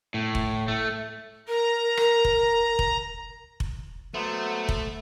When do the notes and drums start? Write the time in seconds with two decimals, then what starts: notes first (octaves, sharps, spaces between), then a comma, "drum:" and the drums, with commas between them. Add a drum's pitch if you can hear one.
0.14 A2
0.35 drum: kick F1
0.68 A3
1.48 A#4 A#5
1.97 drum: rim click
2.25 drum: kick F1
2.79 drum: kick F1
3.60 drum: kick F1
4.14 F#3 A3 B3 C5
4.69 drum: kick F1